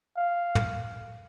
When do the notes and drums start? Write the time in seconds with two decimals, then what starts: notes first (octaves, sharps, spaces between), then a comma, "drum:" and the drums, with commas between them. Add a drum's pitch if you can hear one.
0.17 F5
0.55 drum: tom